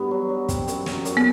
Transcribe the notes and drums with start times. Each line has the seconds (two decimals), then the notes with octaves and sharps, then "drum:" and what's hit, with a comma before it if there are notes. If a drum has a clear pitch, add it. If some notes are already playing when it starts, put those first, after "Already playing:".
Already playing: G2 B3
0.11 F#3
0.29 F#3
0.49 C4, drum: kick, hi-hat
0.68 F#2, drum: hi-hat
0.86 F#2, drum: snare
1.05 F#2, drum: hi-hat
1.17 B3